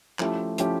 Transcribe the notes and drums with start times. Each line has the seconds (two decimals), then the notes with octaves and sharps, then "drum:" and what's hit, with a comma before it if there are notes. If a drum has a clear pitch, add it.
0.19 F3 A3 C#4 E4 G4, drum: clap
0.58 F3 A3 C#4 E4 G4, drum: hi-hat